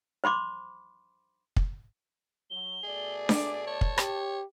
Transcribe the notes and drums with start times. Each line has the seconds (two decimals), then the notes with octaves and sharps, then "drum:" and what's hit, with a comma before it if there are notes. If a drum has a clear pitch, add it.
0.24 C5 B5 C6 D6
1.56 drum: kick
2.50 F#3 G7
2.83 B2 A3 G#4 D5
3.29 D6, drum: snare D4
3.67 C#5 A5
3.81 drum: kick
3.98 G4, drum: rim click